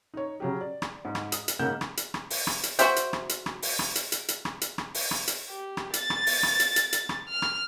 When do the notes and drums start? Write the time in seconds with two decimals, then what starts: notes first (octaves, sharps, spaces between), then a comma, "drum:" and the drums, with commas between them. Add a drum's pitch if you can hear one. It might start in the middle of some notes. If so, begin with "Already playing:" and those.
0.14 D#4 C#5
0.40 C#3 F#3 G4
0.61 D5
0.82 drum: rim click
1.05 G#2
1.15 drum: rim click
1.32 D#6, drum: hi-hat
1.48 drum: hi-hat
1.59 G#2 C#3 A#3 F#5 G6 E7
1.81 drum: rim click
1.97 drum: hi-hat
2.14 drum: rim click
2.30 drum: open hi-hat
2.47 drum: rim click
2.63 drum: hi-hat
2.79 F#4 A#4 C5 E5 G5, drum: hi-hat
2.96 drum: hi-hat
3.13 drum: rim click
3.29 drum: hi-hat
3.46 drum: rim click
3.62 drum: open hi-hat
3.79 drum: rim click
3.95 drum: hi-hat
4.12 drum: hi-hat
4.28 drum: hi-hat
4.45 drum: rim click
4.61 drum: hi-hat
4.78 drum: rim click
4.94 drum: open hi-hat
5.11 drum: rim click
5.28 drum: hi-hat
5.50 G4
5.77 drum: rim click
5.94 A6, drum: hi-hat
6.10 drum: rim click
6.27 drum: open hi-hat
6.43 drum: rim click
6.60 drum: hi-hat
6.76 drum: hi-hat
6.93 drum: hi-hat
7.09 drum: rim click
7.29 F6
7.42 drum: rim click